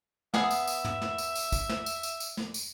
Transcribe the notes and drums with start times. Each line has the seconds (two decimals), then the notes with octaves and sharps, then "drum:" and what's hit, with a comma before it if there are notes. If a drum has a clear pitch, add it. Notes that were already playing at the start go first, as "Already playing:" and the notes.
0.34 B3 G#4 E5 F#5, drum: snare
0.51 drum: tambourine
0.68 drum: tambourine
0.85 drum: tom
1.01 drum: snare
1.18 drum: tambourine
1.35 drum: tambourine
1.52 drum: kick, tambourine
1.69 drum: snare
1.86 drum: tambourine
2.03 drum: tambourine
2.20 drum: tambourine
2.37 drum: snare
2.54 drum: tambourine